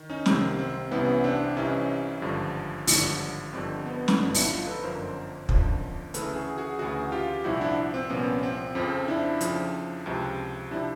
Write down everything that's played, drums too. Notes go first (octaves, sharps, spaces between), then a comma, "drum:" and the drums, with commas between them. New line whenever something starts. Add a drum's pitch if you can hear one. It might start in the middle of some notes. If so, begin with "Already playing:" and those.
Already playing: D#3
C#4 D#4
C2 C3 D#3 C4, drum: snare
C4
C2 C3 E3 B3 C#4
C4 D4
C2 C3 E3 C#4 D#4
G#1 G2 D3 F3
G#1 G2 D3 F3, drum: open hi-hat
G1 G2 D3 F3 C4
B3
drum: snare
G1 G2 D3 F3 B3
D4 E4, drum: open hi-hat
D#4 F4
A4 B4
G1 F#2 D3 F3 A#4 C5
G1 F#2 D3 F3, drum: kick
D2 C#3 E3 A4 B4, drum: hi-hat
F#4 G#4
F#4 G#4
D2 C#3 E3 F#4 G#4
F4 G4
C2 A#2 F3 E4 F#4
D4 E4
C4
C2 A#2 F3 B3 C#4
C4
F2 C#3 F3 C4
D4 E4
F2 C#3 F3, drum: hi-hat
C#2 C3 F3
C3 F3 D4 E4